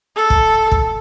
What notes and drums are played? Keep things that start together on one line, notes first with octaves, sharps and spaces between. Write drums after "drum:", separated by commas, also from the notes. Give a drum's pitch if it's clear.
A4
drum: kick
drum: kick